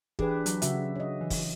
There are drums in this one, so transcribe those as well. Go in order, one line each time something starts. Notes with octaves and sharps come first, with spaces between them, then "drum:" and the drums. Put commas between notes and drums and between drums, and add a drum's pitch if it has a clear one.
E3 D4 G4 G#4 B4, drum: kick
F#3, drum: hi-hat
C#3 F#4 E5, drum: hi-hat
C#5 D#5
E3
drum: kick, open hi-hat